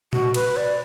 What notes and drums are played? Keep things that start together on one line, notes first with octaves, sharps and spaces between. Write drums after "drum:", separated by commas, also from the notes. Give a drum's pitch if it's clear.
F#4, drum: tom A#2
B4, drum: cymbal
D5